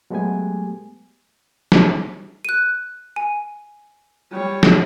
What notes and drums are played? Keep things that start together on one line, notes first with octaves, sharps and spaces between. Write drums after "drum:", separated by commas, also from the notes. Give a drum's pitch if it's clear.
F#3 G#3 A3 B3 G4 G#5
drum: snare
F#6 D#7
G#5
G3 C#5
drum: snare